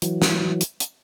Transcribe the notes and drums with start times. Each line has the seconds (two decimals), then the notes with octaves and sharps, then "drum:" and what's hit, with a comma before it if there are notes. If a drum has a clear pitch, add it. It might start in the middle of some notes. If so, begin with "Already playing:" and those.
0.02 E3 F#3, drum: hi-hat
0.22 drum: snare
0.61 drum: hi-hat
0.80 drum: hi-hat